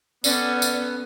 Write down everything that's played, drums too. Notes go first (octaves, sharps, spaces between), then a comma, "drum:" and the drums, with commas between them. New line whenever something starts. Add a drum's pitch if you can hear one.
B3 C#4 A4 D5, drum: tambourine
drum: tambourine